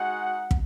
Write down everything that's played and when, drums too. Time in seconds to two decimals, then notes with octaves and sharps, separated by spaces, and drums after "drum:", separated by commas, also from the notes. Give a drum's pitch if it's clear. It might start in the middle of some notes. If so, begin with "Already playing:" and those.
Already playing: G#3 D#4 F#4 F#5
0.51 drum: kick